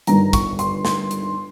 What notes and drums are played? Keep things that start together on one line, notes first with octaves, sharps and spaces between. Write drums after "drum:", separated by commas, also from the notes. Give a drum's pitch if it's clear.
G1 G2 D#3 A#5, drum: hi-hat
C#6, drum: kick, hi-hat
C6, drum: hi-hat
C6, drum: snare
drum: hi-hat